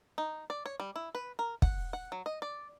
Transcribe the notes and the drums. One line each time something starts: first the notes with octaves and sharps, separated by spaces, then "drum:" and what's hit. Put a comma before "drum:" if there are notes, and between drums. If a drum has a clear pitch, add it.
D#4
D5
C#5
G3
E4
B4
A#4
F#5, drum: kick
F#5
F#3
D#5
D5